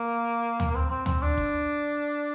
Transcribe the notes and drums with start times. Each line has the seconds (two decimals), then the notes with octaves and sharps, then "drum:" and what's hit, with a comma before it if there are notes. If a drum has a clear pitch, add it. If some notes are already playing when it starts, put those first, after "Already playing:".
Already playing: A#3
0.60 drum: tom
0.71 A#3
0.75 C4
0.91 C4
1.06 C4, drum: tom
1.22 D4
1.38 drum: kick